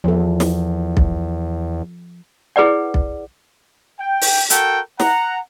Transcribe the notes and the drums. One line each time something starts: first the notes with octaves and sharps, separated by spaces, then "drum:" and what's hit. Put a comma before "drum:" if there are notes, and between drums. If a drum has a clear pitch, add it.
E2 F3 A4
drum: snare
drum: kick B1
E4 G#4 B4 D5 F#5
drum: kick B1
G5
drum: open hi-hat
F#4 A4 A#4 G5, drum: hi-hat
F#5 A#5, drum: snare